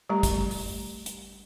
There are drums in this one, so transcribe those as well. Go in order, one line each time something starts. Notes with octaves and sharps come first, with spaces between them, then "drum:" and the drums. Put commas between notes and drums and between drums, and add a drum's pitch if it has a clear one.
G3 A3 G4 A#5
drum: kick, hi-hat
drum: open hi-hat
drum: hi-hat